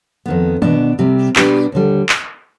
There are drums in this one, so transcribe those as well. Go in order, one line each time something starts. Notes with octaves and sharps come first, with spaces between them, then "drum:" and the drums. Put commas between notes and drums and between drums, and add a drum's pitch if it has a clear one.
F2 D#3 B3
B2 B3 D4, drum: tom D#3
C3 G3 C4
B2 G3 B3 D4 G4 B4, drum: clap
D#2 D3 G3
drum: clap